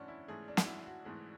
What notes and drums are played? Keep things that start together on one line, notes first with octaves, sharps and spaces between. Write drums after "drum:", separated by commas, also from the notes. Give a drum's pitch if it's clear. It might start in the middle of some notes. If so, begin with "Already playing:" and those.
Already playing: G#2 E3 A3 C#4 D4 F#4
E4
G#2 E3 A3 G#4
D4
F#4, drum: snare
E4
F#4
G#2 E3 A3 G#4